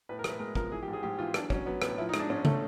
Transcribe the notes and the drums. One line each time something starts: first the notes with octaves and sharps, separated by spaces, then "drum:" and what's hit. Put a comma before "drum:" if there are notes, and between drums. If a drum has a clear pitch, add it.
A2 B4
A#4
A2, drum: rim click
B4
G#3 A#4
F3 A#4, drum: kick
E3 G#4
G4
G#2
G#4
G#2 G4
E3 F4
F#3 D4, drum: rim click
F#3 C#4, drum: kick
F#3 B3
A2 B3, drum: rim click
F3 E4
D#4
G#3, drum: rim click
D4
G#2 C#4
A3, drum: tom C#3